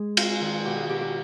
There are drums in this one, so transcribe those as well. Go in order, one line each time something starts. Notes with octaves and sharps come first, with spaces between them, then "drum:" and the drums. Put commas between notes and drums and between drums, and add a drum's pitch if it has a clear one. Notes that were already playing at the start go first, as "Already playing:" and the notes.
Already playing: G#3 G#4
C4 F4, drum: cymbal
D#3
B2 G4
G#4
B2 G4
G4